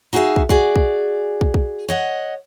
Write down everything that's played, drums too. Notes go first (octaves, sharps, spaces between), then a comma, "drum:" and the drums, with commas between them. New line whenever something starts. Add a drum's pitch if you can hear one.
D#4 F#4 G#4 B4 E5 F5
drum: kick
F#4 G#4 D5, drum: kick
drum: kick
drum: kick
drum: kick
C#5 D#5 F#5